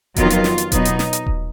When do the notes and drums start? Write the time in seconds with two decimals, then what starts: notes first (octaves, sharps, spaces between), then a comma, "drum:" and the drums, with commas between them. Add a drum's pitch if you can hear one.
0.16 F2 D#3 F#3 B3 F4, drum: kick D#1, hi-hat
0.30 drum: hi-hat
0.44 drum: snare
0.58 drum: hi-hat
0.72 B2 F#3 B3 D#4, drum: kick D#1, hi-hat
0.85 drum: hi-hat
0.99 drum: snare
1.13 drum: hi-hat
1.27 drum: kick D#1